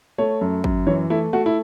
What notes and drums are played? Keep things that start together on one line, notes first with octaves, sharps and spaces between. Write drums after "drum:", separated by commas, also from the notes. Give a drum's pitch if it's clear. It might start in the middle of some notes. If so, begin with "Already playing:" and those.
A3 C#5
F#2
F#2, drum: kick
E3 C#5
A3 E4
A3 F#4
E4